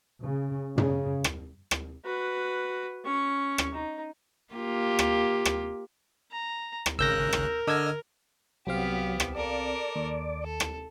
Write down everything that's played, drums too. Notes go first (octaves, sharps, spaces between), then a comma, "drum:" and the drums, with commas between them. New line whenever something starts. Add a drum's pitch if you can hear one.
C#3
C#3, drum: tom
drum: rim click
drum: rim click
F#4 B4
C#4 C#6
drum: rim click
D#4
A#3 F4 G4
drum: rim click
drum: rim click
A#5
drum: rim click
G#1 C#3 A#4 E6 F#6 G6 A#6
drum: rim click
D3 D#5 E6 F6 G#6
C2 F#3 B3 C4 G4 F5
drum: rim click
A4 A#4 D5
D#2
A4
drum: rim click